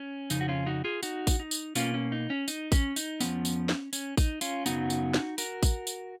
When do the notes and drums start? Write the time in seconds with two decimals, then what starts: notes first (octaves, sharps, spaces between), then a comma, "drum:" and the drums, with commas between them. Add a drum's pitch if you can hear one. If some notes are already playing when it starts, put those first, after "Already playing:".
Already playing: C#4
0.30 F2 C#3 D#4, drum: tambourine
0.41 F#4
0.48 C#4 F4
0.66 D#4 F#4
0.84 F4 G#4
1.03 D#4 F#4, drum: tambourine
1.27 drum: kick A1, tambourine
1.40 D#4
1.51 drum: tambourine
1.75 B2 A#3 C#4 F4, drum: tambourine
1.94 C#4
2.12 D#4
2.30 C#4
2.48 D#4, drum: tambourine
2.72 C#4, drum: kick A1, tambourine
2.96 D#4, drum: tambourine
3.20 F2 F3 G#3 B3 C#4, drum: tambourine
3.45 drum: tambourine
3.69 drum: snare
3.93 C#4, drum: tambourine
4.17 D#4, drum: kick A1, tambourine
4.41 C#4 F4, drum: tambourine
4.66 F#2 C#3 F#3 B3 D#4 F#4, drum: tambourine
4.90 drum: tambourine
5.14 drum: snare
5.38 F#4 A#4, drum: tambourine
5.63 drum: kick A1, tambourine
5.87 drum: tambourine